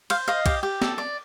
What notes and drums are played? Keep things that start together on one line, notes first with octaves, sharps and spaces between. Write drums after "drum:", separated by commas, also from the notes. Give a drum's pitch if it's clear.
C5 F5, drum: cymbal
D#5 F5
G4, drum: kick, cymbal
G4
A4, drum: snare
D5